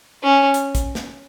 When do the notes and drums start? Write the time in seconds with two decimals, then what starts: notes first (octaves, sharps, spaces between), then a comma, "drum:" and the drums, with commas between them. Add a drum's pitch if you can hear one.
0.23 C#4
0.54 drum: hi-hat
0.75 drum: kick, hi-hat
0.95 drum: snare